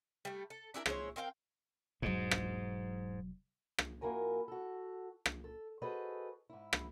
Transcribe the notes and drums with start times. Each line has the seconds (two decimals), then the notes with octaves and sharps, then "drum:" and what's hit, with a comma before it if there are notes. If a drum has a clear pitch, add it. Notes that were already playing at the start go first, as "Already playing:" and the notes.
0.25 G3 A3
0.50 A4
0.74 D4 E4 G4 A#4
0.86 G#3 E4 C5 C#5, drum: rim click
1.16 C4 A#4 F5 G5
2.02 E1 G#2 F#3
2.31 drum: rim click
3.78 drum: rim click
4.01 F2 A#3 E4 F#4 A#4 G#5
4.48 F#4 A4
5.26 drum: rim click
5.44 A4
5.82 F#4 G#4 A4 B4 C5 D#5
6.50 G#2 E4
6.73 drum: rim click